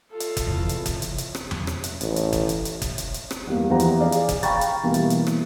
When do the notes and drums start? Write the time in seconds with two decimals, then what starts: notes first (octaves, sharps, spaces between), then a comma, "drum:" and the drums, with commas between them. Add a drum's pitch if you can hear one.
0.10 F4 A4
0.20 drum: hi-hat
0.37 drum: kick F#1, hi-hat
0.47 E2 C3
0.69 drum: hi-hat
0.86 drum: kick F#1, hi-hat
1.02 drum: hi-hat
1.18 drum: hi-hat
1.35 drum: rim click
1.51 drum: tom E2
1.67 drum: rim click
1.84 drum: hi-hat
2.01 A1, drum: hi-hat
2.16 drum: hi-hat
2.33 drum: kick F#1, hi-hat
2.49 drum: hi-hat
2.65 drum: hi-hat
2.82 drum: kick F#1, hi-hat
2.98 drum: hi-hat
3.14 drum: hi-hat
3.31 drum: rim click
3.47 E2 G3 A#3
3.70 E2 E3 F3 G4 F#5 A#5
3.80 drum: hi-hat
4.00 G#4 D5 F5
4.12 drum: hi-hat
4.29 drum: kick F#1, hi-hat
4.43 F5 G5 A#5 B5 C#6 A6, drum: hi-hat
4.61 drum: hi-hat
4.83 B2 E3 G3 A#3
4.94 drum: hi-hat
5.10 drum: hi-hat
5.27 drum: rim click